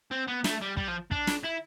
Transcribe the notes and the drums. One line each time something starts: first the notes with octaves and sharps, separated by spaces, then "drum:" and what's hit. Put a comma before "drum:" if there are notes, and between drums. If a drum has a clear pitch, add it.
C4
B3
A3, drum: snare
G3
G3, drum: kick
F3
D4, drum: kick
drum: snare
E4